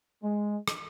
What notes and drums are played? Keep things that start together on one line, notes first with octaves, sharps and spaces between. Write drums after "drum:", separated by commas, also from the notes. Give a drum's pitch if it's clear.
G#3
drum: rim click